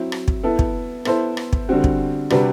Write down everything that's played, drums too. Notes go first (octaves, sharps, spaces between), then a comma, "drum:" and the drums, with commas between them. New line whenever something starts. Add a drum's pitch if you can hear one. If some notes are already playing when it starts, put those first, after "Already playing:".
Already playing: F#3 C4 E4
drum: rim click
drum: kick
B3 E4 A4
drum: kick
B3 E4 A4 C5, drum: rim click
drum: rim click
drum: kick
D3 G3 C4 F#4
drum: kick
C3 G3 D4 F#4 B4, drum: rim click